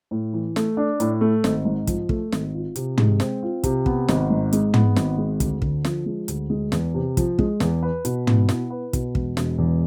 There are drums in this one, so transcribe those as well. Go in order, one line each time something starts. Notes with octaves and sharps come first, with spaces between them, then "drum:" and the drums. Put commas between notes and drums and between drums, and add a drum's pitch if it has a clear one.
A2
E3
A3, drum: snare
D4
A2, drum: hi-hat
A3
G#1, drum: snare
G#2
F3, drum: kick, hi-hat
A3, drum: kick
G#1, drum: snare
F4
C3, drum: hi-hat
G#3, drum: tom
C4, drum: snare
F4
C3, drum: kick, hi-hat
B3, drum: kick
G#1, drum: snare
G#2
G#3, drum: hi-hat
B3, drum: tom
G#1, drum: snare
G#3
D2, drum: kick, hi-hat
D3, drum: kick
F3, drum: snare
G#3
D2, drum: hi-hat
G#3
E2, drum: snare
C3
F3, drum: kick, hi-hat
G#3, drum: kick
E2, drum: snare
B4
B2, drum: hi-hat
B3, drum: tom
E4, drum: snare
B4
B2, drum: kick, hi-hat
E1, drum: kick
E1, drum: snare
E2